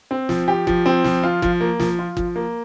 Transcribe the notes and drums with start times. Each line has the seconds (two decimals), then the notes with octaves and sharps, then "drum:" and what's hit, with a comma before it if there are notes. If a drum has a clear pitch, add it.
0.11 C4
0.29 F3, drum: snare
0.48 G4
0.67 F3, drum: kick
0.86 C4
1.04 F3, drum: snare
1.23 F4
1.42 F3, drum: kick
1.61 A#3
1.80 F3, drum: snare
1.99 F4
2.17 F3, drum: kick
2.36 A#3